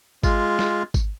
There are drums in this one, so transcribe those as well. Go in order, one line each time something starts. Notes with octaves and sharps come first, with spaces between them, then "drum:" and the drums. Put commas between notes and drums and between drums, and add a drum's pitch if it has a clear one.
G#3 F4, drum: kick G#1, tambourine
drum: snare
drum: kick G#1, tambourine